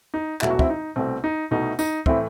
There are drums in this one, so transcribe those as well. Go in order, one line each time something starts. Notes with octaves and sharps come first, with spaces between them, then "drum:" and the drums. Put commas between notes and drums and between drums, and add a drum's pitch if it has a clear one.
D#4
E1 E2 B2 F#3 A3 E4, drum: clap
F#4
C4 E4, drum: kick
D#4
C2 B2 A3 C4
D#4
C2 B2 A3 D#4
D#4, drum: tambourine
A2 E3 A3 C4 E4, drum: kick